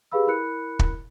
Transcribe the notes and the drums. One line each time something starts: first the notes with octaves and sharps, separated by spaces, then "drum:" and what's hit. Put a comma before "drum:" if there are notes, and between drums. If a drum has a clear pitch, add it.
G4 G#4 B4 F5 B5 E6
E4 A#4 B5 F#6 C#7
drum: kick